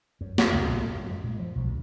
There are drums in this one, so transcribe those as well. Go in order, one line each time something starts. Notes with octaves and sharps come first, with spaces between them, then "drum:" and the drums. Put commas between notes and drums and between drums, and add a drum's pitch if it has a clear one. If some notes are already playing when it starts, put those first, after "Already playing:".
F#2
F#2, drum: snare
C#2
A#1
A2
F#2
G#3
A#2
F3
B1
D2